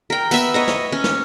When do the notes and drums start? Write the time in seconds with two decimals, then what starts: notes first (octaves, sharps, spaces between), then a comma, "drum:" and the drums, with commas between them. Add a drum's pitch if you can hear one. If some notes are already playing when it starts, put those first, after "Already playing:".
0.10 A#4 G5
0.31 B3 E5, drum: tambourine
0.54 C#5 D#5 A#5
0.68 drum: snare
0.92 C#4
1.04 drum: snare